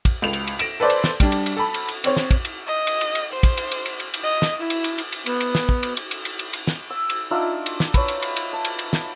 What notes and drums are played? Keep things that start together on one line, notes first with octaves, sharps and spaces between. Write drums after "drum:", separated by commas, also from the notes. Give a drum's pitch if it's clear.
drum: kick, cymbal
C#2 F7
drum: cymbal
drum: cymbal
A#6 D7 E7, drum: cymbal
A4 B4 C5 D5 C6
drum: cymbal
drum: snare
G3 D4, drum: kick, cymbal
drum: cymbal
drum: cymbal
A4 B5
drum: cymbal
drum: cymbal
C4 C#5, drum: cymbal
drum: snare
drum: kick, cymbal
drum: cymbal
D#5
drum: cymbal
drum: cymbal
drum: cymbal
C5
drum: kick, cymbal
drum: cymbal
drum: cymbal
drum: cymbal
drum: cymbal
drum: cymbal
D#5
drum: snare
E4
drum: cymbal
drum: cymbal
drum: cymbal
drum: cymbal
B3, drum: cymbal
drum: cymbal
drum: snare
drum: kick
drum: cymbal
drum: cymbal
drum: cymbal
drum: cymbal
drum: cymbal
drum: cymbal
drum: snare
E6
drum: cymbal
D4 D#4 F4 E5
drum: cymbal
drum: snare
B4 C#5, drum: kick, cymbal
drum: cymbal
drum: cymbal
drum: cymbal
A5
drum: cymbal
drum: cymbal
drum: snare